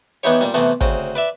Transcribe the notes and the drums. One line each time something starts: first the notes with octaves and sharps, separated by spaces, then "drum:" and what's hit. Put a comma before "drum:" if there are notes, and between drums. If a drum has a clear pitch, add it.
E3 B3 D#4 E4 G4 C#5
A#2 G3
C3 E3 A3 B3 C4
D2 C#3 C4, drum: kick
B4 D5 E5